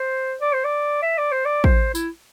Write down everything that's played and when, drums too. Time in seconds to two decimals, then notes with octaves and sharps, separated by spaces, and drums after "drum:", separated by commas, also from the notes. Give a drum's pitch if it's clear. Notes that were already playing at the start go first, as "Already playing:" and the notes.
Already playing: C5
0.41 D5
0.53 C5
0.65 D5
1.03 E5
1.18 D5
1.32 C5
1.46 D5
1.64 C5, drum: kick
1.95 E4, drum: tambourine